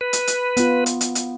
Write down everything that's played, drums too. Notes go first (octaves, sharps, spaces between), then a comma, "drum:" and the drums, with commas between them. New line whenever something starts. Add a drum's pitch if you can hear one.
B4
drum: hi-hat
drum: hi-hat
B3 F4, drum: hi-hat
drum: hi-hat
drum: hi-hat
drum: hi-hat